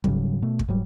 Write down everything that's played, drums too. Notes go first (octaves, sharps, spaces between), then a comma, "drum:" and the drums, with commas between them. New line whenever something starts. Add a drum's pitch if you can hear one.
G#2 C#3 F#3 G3, drum: kick
B2 A3
drum: kick
G#2 F#3 G3